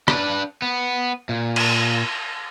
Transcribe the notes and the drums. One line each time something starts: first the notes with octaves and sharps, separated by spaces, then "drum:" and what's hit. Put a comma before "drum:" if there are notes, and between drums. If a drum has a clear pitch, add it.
D4 B4, drum: rim click
B3
A#2
drum: cymbal